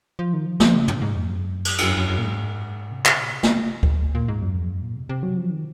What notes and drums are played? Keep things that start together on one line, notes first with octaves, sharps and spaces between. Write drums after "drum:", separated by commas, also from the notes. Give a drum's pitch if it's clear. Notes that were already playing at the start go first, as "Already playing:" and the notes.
F3
D#3
F3
F3, drum: snare
C#3
C3, drum: tom
G#2
F2
F#2
drum: cymbal
F2, drum: cymbal
F#2
F#2
F#2
A#2
G#2
C3
C#3, drum: clap
A#2
C3
drum: snare
drum: kick D2
A#2
A#2
G#2
F#2
F2
F#2
A#2
C3
C3
F#3
F3
D#3